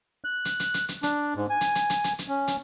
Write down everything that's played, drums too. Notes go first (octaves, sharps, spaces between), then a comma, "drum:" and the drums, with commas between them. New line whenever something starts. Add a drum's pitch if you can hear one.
F#6
drum: hi-hat
drum: hi-hat
drum: hi-hat
drum: hi-hat
D4, drum: hi-hat
G#2
G#5
drum: hi-hat
drum: hi-hat
drum: hi-hat
drum: hi-hat
drum: hi-hat
C#4
drum: hi-hat